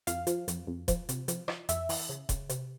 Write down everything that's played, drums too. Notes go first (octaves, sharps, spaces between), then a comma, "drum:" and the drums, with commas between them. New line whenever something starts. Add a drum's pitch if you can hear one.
F2 F5, drum: hi-hat
F3, drum: hi-hat
F2, drum: hi-hat
F2
F3, drum: kick E1, hi-hat
C3, drum: hi-hat
F3, drum: hi-hat
F3, drum: rim click
F2 E5, drum: hi-hat
E3, drum: open hi-hat
C#3
C#3, drum: kick E1, hi-hat
C3, drum: hi-hat